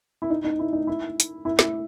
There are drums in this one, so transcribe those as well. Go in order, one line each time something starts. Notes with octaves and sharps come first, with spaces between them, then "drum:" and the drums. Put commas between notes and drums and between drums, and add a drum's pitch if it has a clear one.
E4
D#4
D#4
E4
D#4
E4
drum: hi-hat
E4
E4, drum: snare